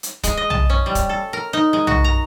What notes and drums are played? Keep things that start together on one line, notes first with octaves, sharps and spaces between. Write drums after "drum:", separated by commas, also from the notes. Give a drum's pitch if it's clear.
drum: hi-hat
G#3, drum: kick D1, hi-hat
D#5
A5, drum: tom
C#4
G3
drum: kick D1, hi-hat
A4
A#4
D#4
G#3
F#4, drum: tom
A#5